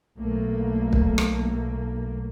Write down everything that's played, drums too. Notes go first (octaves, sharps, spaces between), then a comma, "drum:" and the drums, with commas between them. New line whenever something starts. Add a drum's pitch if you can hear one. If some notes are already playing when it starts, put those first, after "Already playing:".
B1 A3 A#3
drum: kick
drum: rim click